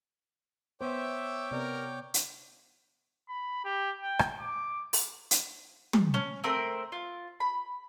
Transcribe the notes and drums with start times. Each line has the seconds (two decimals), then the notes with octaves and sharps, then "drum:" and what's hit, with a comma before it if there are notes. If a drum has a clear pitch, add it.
0.81 B3 C5 C#5 E5 G5 D6
1.51 C3 B3 A#4 D5
2.14 drum: hi-hat
3.29 B5
3.65 G4
4.01 G5
4.19 drum: rim click
4.40 D6
4.93 drum: open hi-hat
5.31 drum: hi-hat
5.93 drum: tom
6.14 C#4
6.44 A3 C4 A#4 C5
6.92 F4
7.40 B5